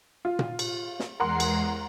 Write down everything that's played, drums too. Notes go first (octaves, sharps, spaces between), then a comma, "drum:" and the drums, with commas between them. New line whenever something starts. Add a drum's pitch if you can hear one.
F4
drum: tom A#2
drum: cymbal
drum: snare
E2 G#3 A#4 F#5 C6 C7
drum: cymbal